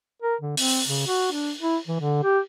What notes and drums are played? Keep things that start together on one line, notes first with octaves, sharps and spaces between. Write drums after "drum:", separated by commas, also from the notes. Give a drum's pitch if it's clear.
A#4
D3
C4, drum: open hi-hat
C#3
F#4
D4
E4
E3
D3
G4